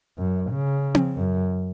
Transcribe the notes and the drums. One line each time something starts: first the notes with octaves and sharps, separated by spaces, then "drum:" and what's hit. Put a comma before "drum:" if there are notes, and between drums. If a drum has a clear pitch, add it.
F#2
C#3
drum: tom C4
F#2